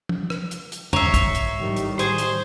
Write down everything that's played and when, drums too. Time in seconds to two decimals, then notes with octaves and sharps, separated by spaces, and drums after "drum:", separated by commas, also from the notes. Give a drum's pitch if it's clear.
0.09 drum: tom
0.30 drum: rim click
0.51 drum: hi-hat
0.72 drum: hi-hat
0.93 G#2 C#5 E5 A#5 C#6 C7, drum: tom
1.14 drum: kick, hi-hat
1.35 drum: hi-hat
1.60 A2 D#3 G3
1.76 drum: hi-hat
1.99 G#4 C5, drum: hi-hat
2.18 drum: hi-hat